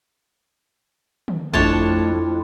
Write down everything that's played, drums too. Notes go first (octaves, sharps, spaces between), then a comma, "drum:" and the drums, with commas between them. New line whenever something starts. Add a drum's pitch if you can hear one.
drum: tom
F2 A3 D4 E4 F4 C#5 A5, drum: kick